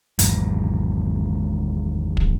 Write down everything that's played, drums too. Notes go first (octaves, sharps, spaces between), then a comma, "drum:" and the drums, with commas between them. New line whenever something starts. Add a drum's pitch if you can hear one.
G#1 E2 G#2, drum: hi-hat
drum: kick